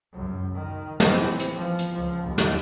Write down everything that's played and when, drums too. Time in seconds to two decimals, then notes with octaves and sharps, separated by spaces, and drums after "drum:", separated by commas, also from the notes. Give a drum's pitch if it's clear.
0.13 C#2 F#2
0.55 D#3
1.00 E3 C4, drum: snare
1.39 drum: hi-hat
1.55 F3
1.79 drum: hi-hat
1.93 C#2 F3
2.24 D#2
2.38 drum: snare